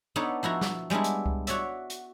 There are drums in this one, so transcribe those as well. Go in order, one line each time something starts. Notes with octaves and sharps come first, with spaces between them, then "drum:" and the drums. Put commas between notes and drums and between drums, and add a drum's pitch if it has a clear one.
B3 D4 D#4 A4 C#5
F3 E4 F#4 A#5
drum: snare
G3 G#3 B3 D4 E4
drum: hi-hat
drum: kick C#2
F#4 C#5 D5 E5, drum: hi-hat
drum: hi-hat